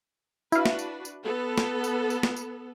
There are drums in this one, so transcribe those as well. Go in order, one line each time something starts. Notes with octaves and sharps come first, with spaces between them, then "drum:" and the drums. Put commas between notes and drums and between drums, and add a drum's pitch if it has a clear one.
D4 E4 F#4 B4 F5, drum: tambourine
drum: snare
drum: tambourine
drum: tambourine
B3 A4
drum: snare
drum: tambourine
drum: tambourine
drum: snare
drum: tambourine